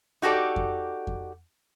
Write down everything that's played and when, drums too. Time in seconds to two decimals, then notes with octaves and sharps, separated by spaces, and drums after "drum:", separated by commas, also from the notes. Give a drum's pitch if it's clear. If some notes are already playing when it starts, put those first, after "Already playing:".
0.22 D#4 F#4 G4 A4 D5
0.56 drum: kick F2
1.07 drum: kick F2